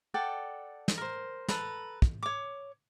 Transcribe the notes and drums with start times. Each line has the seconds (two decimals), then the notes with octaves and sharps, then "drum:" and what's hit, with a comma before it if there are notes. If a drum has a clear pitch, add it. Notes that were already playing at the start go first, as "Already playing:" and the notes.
0.14 A4 D5 F#5 G5
0.88 drum: snare
0.98 A#4 C5
1.48 A4 B4 A#5, drum: snare
2.02 drum: kick
2.23 C#5 D6